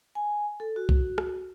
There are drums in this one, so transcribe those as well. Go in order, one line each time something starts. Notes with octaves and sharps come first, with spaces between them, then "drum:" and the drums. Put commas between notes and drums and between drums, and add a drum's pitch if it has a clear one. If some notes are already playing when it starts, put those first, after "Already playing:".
G#5
A4
F#4
drum: kick
drum: rim click